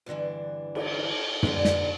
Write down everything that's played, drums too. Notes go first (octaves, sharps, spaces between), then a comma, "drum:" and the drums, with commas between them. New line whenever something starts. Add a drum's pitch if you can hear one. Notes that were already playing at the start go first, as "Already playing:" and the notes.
E2 G2 D3 E3 D4
drum: cymbal
G2 A#2 D3 G3, drum: tom
drum: snare